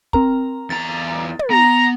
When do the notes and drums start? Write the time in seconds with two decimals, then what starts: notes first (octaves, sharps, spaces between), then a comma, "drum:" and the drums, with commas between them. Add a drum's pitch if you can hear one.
0.13 C4 A#4 A#5, drum: kick
0.70 E2 A#5 A6
1.39 drum: tom
1.50 B3 A#5